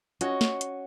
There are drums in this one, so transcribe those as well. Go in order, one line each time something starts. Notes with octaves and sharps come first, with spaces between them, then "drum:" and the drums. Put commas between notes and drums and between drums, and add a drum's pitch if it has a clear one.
C#4 F#4 D#5, drum: hi-hat
drum: snare
drum: hi-hat